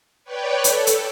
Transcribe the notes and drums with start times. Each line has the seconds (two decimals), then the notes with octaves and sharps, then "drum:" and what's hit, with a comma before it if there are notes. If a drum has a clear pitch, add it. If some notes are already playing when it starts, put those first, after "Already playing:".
0.24 B4 C#5 D5 G5
0.64 A4, drum: hi-hat
0.87 drum: hi-hat